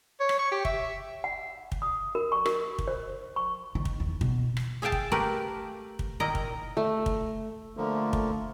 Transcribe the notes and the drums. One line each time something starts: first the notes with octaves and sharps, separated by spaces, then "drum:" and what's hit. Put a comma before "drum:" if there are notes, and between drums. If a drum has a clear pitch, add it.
C#5
drum: rim click
C#6
G4
E5, drum: kick
F#5
drum: kick
D#6
A#4
C#6
A#4, drum: rim click
drum: kick
C5
C#6
D#3
drum: kick
E2
B2, drum: kick
drum: rim click
G#4 E5 F5 G5 A5
drum: kick
A3 A#3 G4 A#4 B4
drum: kick
A#2 D#3 E4 A#4 D#5 A#5
drum: kick
A3
drum: kick
D3 F3 A3 A#3
drum: kick